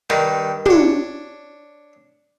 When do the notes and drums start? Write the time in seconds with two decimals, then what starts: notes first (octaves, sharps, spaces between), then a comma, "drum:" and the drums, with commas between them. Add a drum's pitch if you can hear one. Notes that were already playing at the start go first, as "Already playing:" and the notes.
0.10 G2 D#3 D#4, drum: snare
0.66 D4 C#5, drum: tom